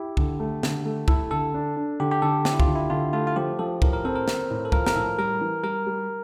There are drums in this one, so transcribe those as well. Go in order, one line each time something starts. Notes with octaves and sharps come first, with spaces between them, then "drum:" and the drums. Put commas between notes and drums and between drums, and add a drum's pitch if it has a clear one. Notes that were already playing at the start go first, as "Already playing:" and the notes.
Already playing: E4 G4
D3, drum: kick C2
A3
D3, drum: snare
A3
E4 A4, drum: kick C2
D3 A4
D4
D4
D3 G4
G4
D3 A4
D4 G4, drum: snare
E4
F4, drum: kick C2
D3
E4
D3 F4
A3 F4
F4
F3 G4
F3 A4
A2 A#4, drum: kick C2
A#4
C4 A4
A#4
C4, drum: snare
A2
A4
F3 A#4, drum: kick C2
A#4, drum: snare
A2 A4
G3 A#4
E3
G3 A#4
G3